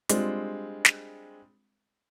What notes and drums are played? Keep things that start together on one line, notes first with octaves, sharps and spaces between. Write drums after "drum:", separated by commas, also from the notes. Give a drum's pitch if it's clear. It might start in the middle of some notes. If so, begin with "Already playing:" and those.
G3 G#3 C4 D4 F4, drum: hi-hat
drum: snare